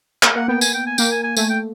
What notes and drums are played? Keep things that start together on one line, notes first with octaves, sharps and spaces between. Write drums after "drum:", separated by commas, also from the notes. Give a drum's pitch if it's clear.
A#3, drum: clap
A#3 F#5
B3 G5
G#5, drum: tambourine
G5
G#5
A#3 G5, drum: tambourine
G#5
G#5
A3 G#5, drum: tambourine
G5